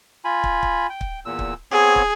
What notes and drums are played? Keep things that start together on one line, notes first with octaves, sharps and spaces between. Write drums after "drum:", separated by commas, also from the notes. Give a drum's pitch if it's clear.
F4 G#5 B5
drum: kick
drum: kick
G5
drum: kick
E2 A#2 E6
drum: kick
B3 C4 G#4 C#5
drum: kick